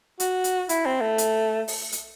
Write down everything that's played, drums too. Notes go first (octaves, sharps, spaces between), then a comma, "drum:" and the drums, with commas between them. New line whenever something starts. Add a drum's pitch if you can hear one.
F#4, drum: hi-hat
drum: hi-hat
E4, drum: hi-hat
C4
A3
drum: hi-hat
drum: open hi-hat
drum: hi-hat